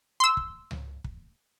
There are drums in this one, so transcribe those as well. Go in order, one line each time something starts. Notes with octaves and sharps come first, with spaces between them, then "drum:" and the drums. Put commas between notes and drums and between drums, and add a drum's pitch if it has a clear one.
C6 E6
drum: kick
drum: tom C#2
drum: kick